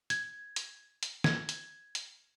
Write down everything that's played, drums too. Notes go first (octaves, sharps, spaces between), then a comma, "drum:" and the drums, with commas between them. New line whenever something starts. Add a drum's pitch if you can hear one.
G#6, drum: hi-hat
drum: hi-hat
drum: hi-hat
G#6, drum: snare
drum: hi-hat
drum: hi-hat